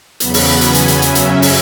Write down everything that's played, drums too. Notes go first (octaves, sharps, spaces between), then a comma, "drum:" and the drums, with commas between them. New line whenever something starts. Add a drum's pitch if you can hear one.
E2 C#3 F#3 B3 B5, drum: hi-hat
drum: open hi-hat
G#5, drum: hi-hat
drum: hi-hat
drum: hi-hat
F#2 C#3 F#3 C#4 E5, drum: hi-hat
drum: hi-hat
drum: open hi-hat